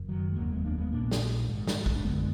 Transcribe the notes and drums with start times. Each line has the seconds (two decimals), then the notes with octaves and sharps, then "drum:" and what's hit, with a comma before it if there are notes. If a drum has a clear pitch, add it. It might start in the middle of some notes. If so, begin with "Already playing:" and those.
Already playing: F#1 F#2
0.08 D#3 F#3
0.32 G#3
0.36 F1 D#2 D3 F#3 A#3
0.50 G#3 B3
0.65 A#3 D4
0.78 G#3 B3
0.92 A#1 A#2 A#3 D4
1.11 drum: snare
1.48 G#1 G#2
1.67 drum: snare
1.86 drum: kick A1
1.96 D4
2.04 F#1 F#2 D3 G#3 B3